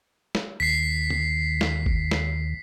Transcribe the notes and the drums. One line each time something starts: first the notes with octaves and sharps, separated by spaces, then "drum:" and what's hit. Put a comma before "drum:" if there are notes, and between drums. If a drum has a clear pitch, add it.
drum: snare
D#2 B6 C7
drum: tom
drum: snare
drum: kick G1
drum: snare